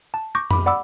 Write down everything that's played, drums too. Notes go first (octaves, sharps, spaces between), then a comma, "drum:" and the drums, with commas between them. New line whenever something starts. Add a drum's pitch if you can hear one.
A5
C#6 D6 G6 A#6
B5 D6, drum: tom F2
D5 F#5 B5 D6 E6